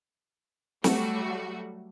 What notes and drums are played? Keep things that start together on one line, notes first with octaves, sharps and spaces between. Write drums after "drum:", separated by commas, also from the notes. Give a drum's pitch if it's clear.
F#3 G3 A3 F#4, drum: snare